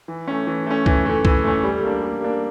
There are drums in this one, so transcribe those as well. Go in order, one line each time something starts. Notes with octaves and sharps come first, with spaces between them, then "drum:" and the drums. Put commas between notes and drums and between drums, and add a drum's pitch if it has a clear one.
E3
A3 C#4
E3
A3 C#4
E3, drum: kick C2
A3 C#4
E3, drum: kick C2
A3 C#4
G3
A#3 D4
G3
A#3 D4